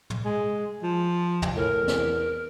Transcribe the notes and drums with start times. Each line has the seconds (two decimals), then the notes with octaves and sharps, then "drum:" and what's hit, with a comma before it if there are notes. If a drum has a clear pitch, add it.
0.10 drum: tom
0.24 G#3
0.83 F3
1.42 drum: tom
1.56 A2 A#4
1.75 E2
1.88 drum: snare